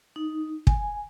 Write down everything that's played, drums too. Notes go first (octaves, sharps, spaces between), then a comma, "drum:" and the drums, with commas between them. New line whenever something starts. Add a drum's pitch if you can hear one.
D#4
G#5, drum: kick